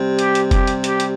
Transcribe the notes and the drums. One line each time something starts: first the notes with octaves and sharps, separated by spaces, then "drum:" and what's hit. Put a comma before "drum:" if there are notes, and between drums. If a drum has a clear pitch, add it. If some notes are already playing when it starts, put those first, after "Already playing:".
Already playing: C3 G3
G4, drum: hi-hat
drum: hi-hat
G4, drum: kick F1, hi-hat
drum: hi-hat
G4, drum: hi-hat
drum: hi-hat